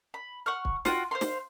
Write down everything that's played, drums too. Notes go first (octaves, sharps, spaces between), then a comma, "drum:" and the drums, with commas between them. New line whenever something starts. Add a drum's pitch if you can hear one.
B5
F#5 C#6 F6
drum: kick
F4 F#4 G5, drum: snare
C5 C#5 F5 C6
drum: snare